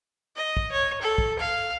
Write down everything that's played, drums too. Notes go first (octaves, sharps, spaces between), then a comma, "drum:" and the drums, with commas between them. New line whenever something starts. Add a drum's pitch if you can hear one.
D#5
drum: kick
C#5
A4
drum: kick
F5